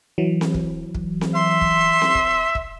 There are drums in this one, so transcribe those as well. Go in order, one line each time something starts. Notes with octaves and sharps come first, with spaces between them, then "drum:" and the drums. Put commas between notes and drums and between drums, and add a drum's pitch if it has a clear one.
E3 F#3
drum: snare C4
drum: kick
drum: kick
drum: snare C4
E5 C6
drum: kick
drum: snare C4
drum: kick
drum: kick